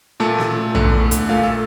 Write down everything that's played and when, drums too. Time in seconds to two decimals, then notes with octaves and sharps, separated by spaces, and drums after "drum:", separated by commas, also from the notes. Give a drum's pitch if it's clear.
0.20 A#2 A3 A5
0.38 drum: snare
0.75 E2 D3 A3, drum: tom A#1
1.11 drum: hi-hat
1.29 A#2 A3 F5
1.43 A4